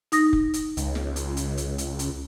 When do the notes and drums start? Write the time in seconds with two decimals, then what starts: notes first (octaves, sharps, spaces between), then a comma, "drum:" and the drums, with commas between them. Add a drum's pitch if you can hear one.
0.12 D#4 D#6 A#6, drum: hi-hat
0.33 drum: kick F1
0.54 drum: hi-hat
0.77 C#2, drum: hi-hat
0.95 drum: snare
1.16 drum: hi-hat
1.37 drum: hi-hat
1.57 drum: hi-hat
1.78 drum: hi-hat
1.99 drum: hi-hat